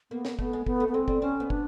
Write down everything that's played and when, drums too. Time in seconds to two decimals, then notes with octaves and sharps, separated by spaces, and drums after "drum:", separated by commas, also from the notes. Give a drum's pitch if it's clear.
0.11 A#3 B3
0.25 A#3, drum: snare
0.39 A3 B3, drum: kick
0.53 G#3
0.66 A3 B3, drum: kick
0.80 A3
0.89 B3
0.94 G#3 C4
1.08 G3, drum: kick
1.22 C4 C#4
1.40 B3
1.50 D4, drum: kick